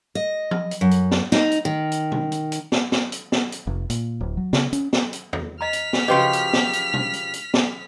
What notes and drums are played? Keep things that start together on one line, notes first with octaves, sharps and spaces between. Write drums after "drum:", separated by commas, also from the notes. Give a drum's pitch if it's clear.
D#5
drum: tom F3
drum: hi-hat
F#2
drum: hi-hat
drum: snare
D#4, drum: snare
drum: hi-hat
D#3
drum: hi-hat
drum: tom B2
drum: hi-hat
drum: hi-hat
drum: snare
drum: snare
drum: hi-hat
drum: snare
drum: hi-hat
F1
A#2, drum: hi-hat
D1
F#3
C#3, drum: snare
C#4, drum: hi-hat
drum: snare
drum: hi-hat
drum: tom E2
D#5 A#5 F6 B6
drum: hi-hat
drum: snare
C#3 F3 F#4 G4 B4 D#5
drum: hi-hat
drum: snare
drum: hi-hat
drum: tom B2
drum: hi-hat
drum: hi-hat
drum: snare